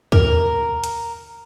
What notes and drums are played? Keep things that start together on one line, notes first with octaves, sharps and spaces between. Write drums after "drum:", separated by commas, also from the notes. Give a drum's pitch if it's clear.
A#4, drum: kick D2
drum: hi-hat